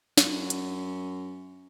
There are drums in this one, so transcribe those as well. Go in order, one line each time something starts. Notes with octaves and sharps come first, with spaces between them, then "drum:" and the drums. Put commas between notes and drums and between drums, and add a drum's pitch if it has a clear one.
F#2, drum: snare
drum: hi-hat